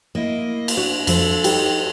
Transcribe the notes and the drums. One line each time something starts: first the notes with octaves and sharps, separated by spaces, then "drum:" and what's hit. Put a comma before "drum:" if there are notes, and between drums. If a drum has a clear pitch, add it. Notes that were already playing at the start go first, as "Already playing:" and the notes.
A#3 E4 D#5
drum: cymbal
D4 F#4
F2 F3 A4, drum: cymbal
D#4 G4 C#5, drum: cymbal